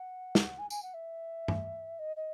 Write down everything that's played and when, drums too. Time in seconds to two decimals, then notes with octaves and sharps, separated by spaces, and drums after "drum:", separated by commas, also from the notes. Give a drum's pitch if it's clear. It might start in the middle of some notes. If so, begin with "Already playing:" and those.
Already playing: F#5
0.35 drum: snare
0.59 G#5
0.70 G#5, drum: tambourine
0.83 F#5
0.94 E5
1.48 drum: tom G2
1.99 D#5
2.16 D#5